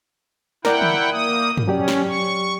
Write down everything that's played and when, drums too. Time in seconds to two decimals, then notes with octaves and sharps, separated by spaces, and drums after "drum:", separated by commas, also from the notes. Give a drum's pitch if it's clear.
0.65 E4 A#4 D5 F#5 G5, drum: snare
0.82 drum: tom
1.12 A#3 D#6
1.57 drum: tom
1.68 F#3 C#4 G4 D5
1.88 drum: snare
2.08 C#6